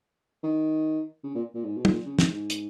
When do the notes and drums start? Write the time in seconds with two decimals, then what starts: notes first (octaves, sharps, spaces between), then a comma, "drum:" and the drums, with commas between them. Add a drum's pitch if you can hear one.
0.43 D#3
1.24 C#3
1.35 A#2
1.55 A#2
1.65 G#2
1.77 B2
1.85 A#2, drum: tom
2.05 C#3
2.19 G#2, drum: snare
2.32 G#2
2.50 drum: hi-hat